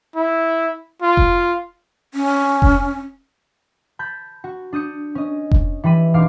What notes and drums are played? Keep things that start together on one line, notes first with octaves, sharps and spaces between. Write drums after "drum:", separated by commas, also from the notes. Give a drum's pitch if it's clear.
E4
F4
drum: kick F1
C#4
drum: kick F1
A5 B5 G6
F#4
D4 D#6 G6 C#7
C#4 D#5
drum: kick F1
E3 G3 B5 D#7
E1 D#4 F5 D6 C7